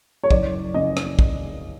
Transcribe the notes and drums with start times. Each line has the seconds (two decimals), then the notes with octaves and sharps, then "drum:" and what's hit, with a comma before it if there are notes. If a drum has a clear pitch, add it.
0.24 C#5
0.31 F#1 D5, drum: kick
0.74 C#3 D#5
0.97 drum: rim click
1.19 drum: kick